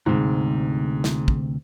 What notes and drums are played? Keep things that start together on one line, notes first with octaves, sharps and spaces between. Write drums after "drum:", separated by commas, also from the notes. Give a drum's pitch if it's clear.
D2 G#2 C3
drum: snare
drum: kick